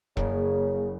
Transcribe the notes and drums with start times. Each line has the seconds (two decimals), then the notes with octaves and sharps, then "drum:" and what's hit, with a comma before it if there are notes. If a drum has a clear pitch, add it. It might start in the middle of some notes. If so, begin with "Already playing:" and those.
0.17 F#1 C#3 A#3 G#4, drum: kick E1